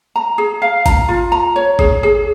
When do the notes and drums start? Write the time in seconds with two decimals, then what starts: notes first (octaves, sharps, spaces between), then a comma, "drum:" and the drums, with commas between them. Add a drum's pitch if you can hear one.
0.16 A#5
0.38 G#4
0.62 F5
0.86 A#5, drum: kick, hi-hat
1.09 F4
1.32 A#5
1.56 C#5
1.79 G#4, drum: kick
2.03 G#4